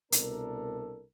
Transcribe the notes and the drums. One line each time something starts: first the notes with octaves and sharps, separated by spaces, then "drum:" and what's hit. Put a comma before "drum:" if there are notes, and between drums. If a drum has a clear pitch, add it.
C2 B2 D4 A4 A#4, drum: hi-hat